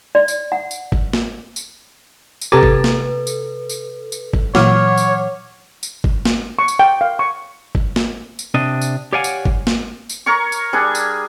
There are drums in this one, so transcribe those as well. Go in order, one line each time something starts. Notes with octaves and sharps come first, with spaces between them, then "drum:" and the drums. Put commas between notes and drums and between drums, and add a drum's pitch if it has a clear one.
D5
drum: tambourine
F#5
drum: tambourine
drum: kick G1
drum: snare
drum: tambourine
drum: tambourine
C3 G4 A4 B4 A#5 A6
drum: kick G1
drum: snare
drum: tambourine
drum: tambourine
drum: tambourine
drum: kick G1
A#2 E3 F#3 C#5 F#5 D6 F6, drum: snare
drum: tambourine
drum: tambourine
drum: kick G1
drum: snare
C#6
drum: tambourine
G5
F5
C#6
drum: kick G1
drum: snare
drum: tambourine
C3 D4 D#5
drum: tambourine
G4 C#5 D5 F5 F#5 G#5
drum: tambourine
drum: kick G1
drum: snare
drum: tambourine
A#4 C#5 A#5 C#6
drum: tambourine
G3 D4 G#4 G#5
drum: tambourine